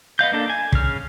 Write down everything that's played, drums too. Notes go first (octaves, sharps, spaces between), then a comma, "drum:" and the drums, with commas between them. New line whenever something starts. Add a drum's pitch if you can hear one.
B3 D#5 F5 G6
A#3 D4 A4
G#5
C#3 F6, drum: kick